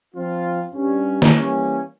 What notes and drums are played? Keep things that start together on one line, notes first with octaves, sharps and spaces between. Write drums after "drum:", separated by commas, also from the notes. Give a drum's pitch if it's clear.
F3 C4 F4
G2 G3 C#4
drum: snare
E3 G3 A#3 C#4